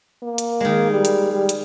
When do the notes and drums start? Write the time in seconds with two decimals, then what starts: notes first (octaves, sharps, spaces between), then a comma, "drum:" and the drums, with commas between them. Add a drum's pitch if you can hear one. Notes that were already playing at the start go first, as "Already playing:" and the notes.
0.23 A#3
0.38 drum: hi-hat
0.60 D#3 G#3
0.91 G3
1.05 drum: hi-hat
1.33 G3
1.49 drum: hi-hat